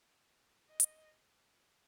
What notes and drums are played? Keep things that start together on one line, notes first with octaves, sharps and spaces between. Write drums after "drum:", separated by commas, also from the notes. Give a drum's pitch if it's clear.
D#5
drum: hi-hat